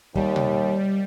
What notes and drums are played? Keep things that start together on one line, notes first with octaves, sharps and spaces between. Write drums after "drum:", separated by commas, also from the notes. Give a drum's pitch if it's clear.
D#2 G3, drum: kick
drum: tom B2